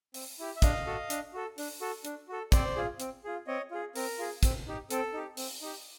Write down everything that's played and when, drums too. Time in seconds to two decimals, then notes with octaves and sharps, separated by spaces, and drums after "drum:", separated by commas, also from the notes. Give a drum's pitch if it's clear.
0.14 C4, drum: open hi-hat
0.39 E4 G4
0.56 E5
0.62 D4 D#5 F5, drum: kick, hi-hat
0.87 F#4 A4
1.10 D4, drum: hi-hat
1.34 F#4 A4
1.58 D4, drum: open hi-hat
1.81 F#4 A4
2.05 D4, drum: hi-hat
2.29 F#4 A4
2.52 C4 C5 D5, drum: kick, hi-hat
2.76 F4 G#4
3.00 C4, drum: hi-hat
3.24 F4 G#4
3.47 C4 C#5 D#5
3.71 F4 G#4
3.96 C4 A#4, drum: open hi-hat
4.18 F4 G#4
4.43 C4, drum: kick, hi-hat
4.67 D#4 G4
4.90 C4 A4, drum: hi-hat
5.13 D#4 G4
5.37 C4, drum: open hi-hat
5.62 D#4 G4